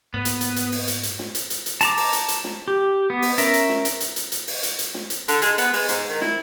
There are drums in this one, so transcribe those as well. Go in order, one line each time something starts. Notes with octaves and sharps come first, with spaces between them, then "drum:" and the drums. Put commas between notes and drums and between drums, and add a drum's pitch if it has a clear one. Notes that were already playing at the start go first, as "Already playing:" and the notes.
G#2 A#3 B3
drum: hi-hat
drum: hi-hat
drum: hi-hat
drum: open hi-hat
drum: hi-hat
drum: hi-hat
drum: snare
drum: hi-hat
drum: hi-hat
drum: hi-hat
A5 A#5 D6, drum: hi-hat
drum: open hi-hat
drum: hi-hat
drum: hi-hat
drum: snare
G4
B3
drum: open hi-hat
C#4 A#4 E5, drum: hi-hat
drum: hi-hat
drum: snare
drum: hi-hat
drum: hi-hat
drum: hi-hat
drum: hi-hat
drum: open hi-hat
drum: hi-hat
drum: hi-hat
drum: snare
drum: hi-hat
D3, drum: hi-hat
G#3, drum: hi-hat
B3, drum: hi-hat
G#3, drum: open hi-hat
G#2, drum: hi-hat
D#3
E4, drum: snare